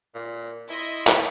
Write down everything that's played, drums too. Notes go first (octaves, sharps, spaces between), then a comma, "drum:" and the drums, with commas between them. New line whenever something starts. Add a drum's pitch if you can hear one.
A#2
E4 D#5 E5 C6
drum: clap